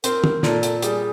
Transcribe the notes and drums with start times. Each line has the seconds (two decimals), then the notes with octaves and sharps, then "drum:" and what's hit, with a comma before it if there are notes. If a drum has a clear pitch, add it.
0.04 C4 A#4, drum: hi-hat
0.24 drum: tom
0.43 A#2 A4, drum: snare
0.63 drum: hi-hat
0.82 G3 G#4, drum: hi-hat